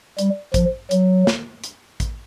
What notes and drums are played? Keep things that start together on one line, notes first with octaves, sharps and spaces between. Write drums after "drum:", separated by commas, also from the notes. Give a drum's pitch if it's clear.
G3, drum: hi-hat
F3, drum: kick A1, hi-hat
F#3, drum: hi-hat
drum: snare
drum: hi-hat
drum: kick A1, hi-hat